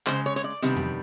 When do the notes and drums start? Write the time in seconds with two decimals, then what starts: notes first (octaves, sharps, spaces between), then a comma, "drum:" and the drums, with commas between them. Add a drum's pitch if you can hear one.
0.07 C#3 E3 G#3 C5, drum: clap
0.26 C#5
0.36 C#5, drum: hi-hat
0.44 D5
0.62 C3 D#3 G3 B3 D4, drum: hi-hat
0.76 drum: tom E2